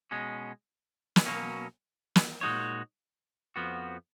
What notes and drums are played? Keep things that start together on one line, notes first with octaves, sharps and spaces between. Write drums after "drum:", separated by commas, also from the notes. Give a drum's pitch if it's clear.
B2 G#3 C#4
drum: snare
B2 F#3 A#3 C#4
drum: snare
A#2 G#3 D#4 F#4 C#5
F2 F3 B3 F#4